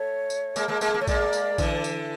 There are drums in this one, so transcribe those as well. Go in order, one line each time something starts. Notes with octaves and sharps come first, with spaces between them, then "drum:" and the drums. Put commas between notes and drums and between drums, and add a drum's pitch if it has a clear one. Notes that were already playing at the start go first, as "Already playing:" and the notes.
Already playing: A3 C#5
drum: tambourine
G#3 A#3, drum: tambourine
G#3 A#3
G#3 A#3, drum: tambourine
A#3
A3 C#5
G#3 A#3 D5, drum: kick, tambourine
drum: tambourine
D3 E3, drum: kick, tambourine
drum: tambourine